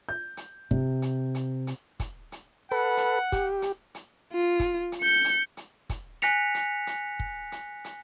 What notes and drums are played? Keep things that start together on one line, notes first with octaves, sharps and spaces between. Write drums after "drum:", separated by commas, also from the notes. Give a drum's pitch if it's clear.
G6
drum: hi-hat
C3, drum: kick
drum: hi-hat
drum: hi-hat
drum: hi-hat
drum: kick, hi-hat
drum: hi-hat
A4 B4 F#5
drum: hi-hat
G4, drum: kick, hi-hat
drum: hi-hat
drum: hi-hat
F4
drum: kick, hi-hat
drum: hi-hat
G6 C#7
drum: hi-hat
drum: hi-hat
drum: kick, hi-hat
G#5 F#6 A#6 B6 C#7 F7, drum: hi-hat
drum: hi-hat
drum: hi-hat
drum: kick
drum: hi-hat
drum: hi-hat